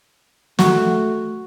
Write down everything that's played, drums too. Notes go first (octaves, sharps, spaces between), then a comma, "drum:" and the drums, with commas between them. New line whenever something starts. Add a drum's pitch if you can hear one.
A3 F#4, drum: snare